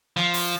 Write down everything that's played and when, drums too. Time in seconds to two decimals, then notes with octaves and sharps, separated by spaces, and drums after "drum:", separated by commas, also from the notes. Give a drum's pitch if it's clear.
0.17 F3, drum: snare
0.34 drum: open hi-hat